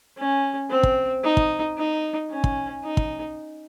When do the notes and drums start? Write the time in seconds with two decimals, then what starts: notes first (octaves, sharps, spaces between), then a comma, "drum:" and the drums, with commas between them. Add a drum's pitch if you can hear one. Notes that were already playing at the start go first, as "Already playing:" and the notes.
0.17 C#4
0.70 C4
0.83 drum: kick
1.24 D#4
1.37 drum: kick
1.77 D#4
2.30 C#4
2.44 drum: kick
2.84 D#4
2.97 drum: kick